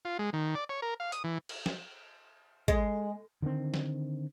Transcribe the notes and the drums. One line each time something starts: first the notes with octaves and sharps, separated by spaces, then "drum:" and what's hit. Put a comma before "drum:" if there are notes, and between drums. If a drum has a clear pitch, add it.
F4
G#3
D#3
D5
C#5
A#4
F5
D#6, drum: hi-hat
E3
drum: cymbal
drum: snare
G#3, drum: kick
D3 D#3 A#3 C4
drum: snare